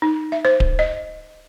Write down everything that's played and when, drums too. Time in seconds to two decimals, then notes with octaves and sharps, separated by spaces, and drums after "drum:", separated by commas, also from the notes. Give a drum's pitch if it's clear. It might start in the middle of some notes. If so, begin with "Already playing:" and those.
0.02 D#4
0.32 E5
0.45 C5
0.60 drum: kick D1
0.79 D#5